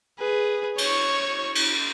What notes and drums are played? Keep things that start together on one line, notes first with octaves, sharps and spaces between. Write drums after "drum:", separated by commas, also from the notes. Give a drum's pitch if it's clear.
G#4 B4
C#5 C#6, drum: cymbal
drum: cymbal